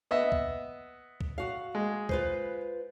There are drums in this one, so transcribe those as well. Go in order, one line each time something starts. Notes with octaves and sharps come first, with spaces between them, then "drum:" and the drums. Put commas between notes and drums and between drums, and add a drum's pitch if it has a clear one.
B3 D#5 E5
drum: kick C2
drum: kick C2
F#4 F5
G#3
F4 B4 C5, drum: kick C2